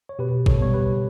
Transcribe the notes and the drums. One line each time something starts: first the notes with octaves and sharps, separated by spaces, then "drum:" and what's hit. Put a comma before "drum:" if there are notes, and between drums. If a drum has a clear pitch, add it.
C#5
B2 G4 B4
A4 C#5, drum: kick A1
G3 B3 C#5
G4 B4